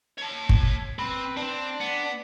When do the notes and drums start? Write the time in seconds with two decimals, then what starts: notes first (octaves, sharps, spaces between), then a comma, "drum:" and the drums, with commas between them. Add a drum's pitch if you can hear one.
0.18 C#5 A5
0.49 drum: kick G1
0.99 C4 B4
1.37 C4 D4
1.80 B3